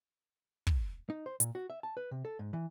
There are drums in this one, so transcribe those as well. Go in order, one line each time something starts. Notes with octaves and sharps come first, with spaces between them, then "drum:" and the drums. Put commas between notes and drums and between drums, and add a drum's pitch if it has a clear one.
drum: kick
D#4
C5
A#2, drum: hi-hat
F#4
E5
A5
B4
C3
A4
G#2
E3